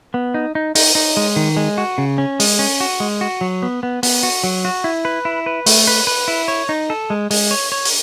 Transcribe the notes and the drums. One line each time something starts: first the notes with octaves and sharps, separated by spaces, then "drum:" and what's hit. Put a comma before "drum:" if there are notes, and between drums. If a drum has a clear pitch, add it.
B3
D#4
D#4
D#4, drum: open hi-hat
D#4
G#3
D#3
G#3
F#4
C#3
C#4
G#3, drum: open hi-hat
C#4
F#4
G#3
F#4
F#3
B3
B3
B3, drum: open hi-hat
F#4
F#3
F#4
E4
B4
E4
B4
A3, drum: open hi-hat
B4
B4
E4
C#5
D#4
A4
G#3
G#3, drum: open hi-hat
C#5
C#5
drum: open hi-hat